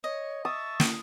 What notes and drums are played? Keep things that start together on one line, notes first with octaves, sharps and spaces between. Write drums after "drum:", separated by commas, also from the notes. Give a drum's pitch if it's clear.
C#5 D#5
E5 A5 C#6 D#6
drum: snare